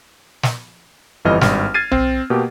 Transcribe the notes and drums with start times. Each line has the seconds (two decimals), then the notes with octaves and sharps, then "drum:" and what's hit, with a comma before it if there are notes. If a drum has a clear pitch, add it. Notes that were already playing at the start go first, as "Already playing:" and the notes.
0.43 drum: snare
1.25 G1 F2 E3 G3 D#5 F6
1.41 G#1 G2 F6, drum: snare
1.74 F6 G#6 A6 C7 D#7
1.91 C4, drum: tom B1
2.30 B2 A#3 G4